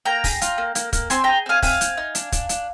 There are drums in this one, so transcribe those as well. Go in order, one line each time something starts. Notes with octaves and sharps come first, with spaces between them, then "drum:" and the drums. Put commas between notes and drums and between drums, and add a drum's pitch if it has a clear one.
A#3 G5 A#5
G#4, drum: kick, open hi-hat
F4, drum: hi-hat
A#3
A#3, drum: hi-hat
A#3, drum: kick, hi-hat
C4 G#5 C6, drum: hi-hat
G#4 G5 A#5
C4 F5 G#5
C4 F5 G#5, drum: kick, open hi-hat
C4, drum: hi-hat
D#4
D4, drum: hi-hat
D4, drum: kick, hi-hat
D4, drum: hi-hat